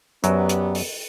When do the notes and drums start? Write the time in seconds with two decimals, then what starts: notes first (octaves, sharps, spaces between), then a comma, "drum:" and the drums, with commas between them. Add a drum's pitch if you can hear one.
0.24 F#2 F#3 B3 G4 D5, drum: hi-hat
0.49 drum: hi-hat
0.75 drum: open hi-hat